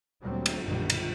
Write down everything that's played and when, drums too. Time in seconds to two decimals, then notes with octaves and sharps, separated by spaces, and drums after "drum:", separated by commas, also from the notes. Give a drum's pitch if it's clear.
0.24 D2 A#2 F#3 G3 C4
0.46 drum: cymbal
0.61 A#1 F#2 B2 D3 D#3 G3
0.90 drum: cymbal